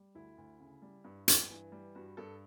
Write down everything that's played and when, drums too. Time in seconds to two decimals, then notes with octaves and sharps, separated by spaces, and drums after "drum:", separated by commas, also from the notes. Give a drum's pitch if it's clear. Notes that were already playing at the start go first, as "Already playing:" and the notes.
Already playing: G3
0.15 D2 E4
0.37 D2
0.60 C#3
0.82 G3
1.04 G2
1.28 G2, drum: hi-hat
1.50 E3
1.72 G3
1.95 G2 F#4
2.17 G2 A4